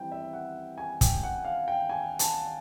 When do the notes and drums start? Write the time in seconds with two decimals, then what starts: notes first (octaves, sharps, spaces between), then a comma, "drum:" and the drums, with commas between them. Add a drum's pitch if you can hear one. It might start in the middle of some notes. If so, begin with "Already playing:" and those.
Already playing: E3 G3 C4 G5
0.12 E5
0.33 F#5
0.78 G#5
1.01 G5, drum: kick, hi-hat
1.23 F#5
1.45 F5
1.68 G5
1.89 G#5
2.19 A5, drum: hi-hat